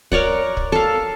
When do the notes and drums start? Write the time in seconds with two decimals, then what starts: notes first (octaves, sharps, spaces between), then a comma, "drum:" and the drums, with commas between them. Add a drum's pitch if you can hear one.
0.12 A#4 C#5 D5 F#5, drum: kick
0.57 drum: kick
0.72 A4 F5